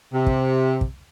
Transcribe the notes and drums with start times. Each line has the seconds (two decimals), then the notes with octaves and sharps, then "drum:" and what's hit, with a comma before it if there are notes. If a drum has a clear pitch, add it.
0.13 C3
0.27 drum: kick
0.81 drum: kick